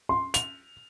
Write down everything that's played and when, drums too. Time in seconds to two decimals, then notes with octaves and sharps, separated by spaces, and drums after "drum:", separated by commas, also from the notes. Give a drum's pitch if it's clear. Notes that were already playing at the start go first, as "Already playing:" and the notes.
0.09 C6
0.34 F7, drum: hi-hat